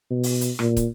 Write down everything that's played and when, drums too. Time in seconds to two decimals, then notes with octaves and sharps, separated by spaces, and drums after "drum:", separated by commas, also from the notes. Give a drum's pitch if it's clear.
0.11 B2
0.23 drum: open hi-hat
0.41 drum: hi-hat
0.59 A#2, drum: rim click
0.77 drum: kick, hi-hat